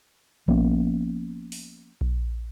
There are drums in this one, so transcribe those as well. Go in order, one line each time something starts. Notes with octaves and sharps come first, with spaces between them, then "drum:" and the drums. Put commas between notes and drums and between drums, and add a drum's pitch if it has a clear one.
F3 A#3 B3 C#4, drum: kick A#1
drum: open hi-hat
drum: kick A#1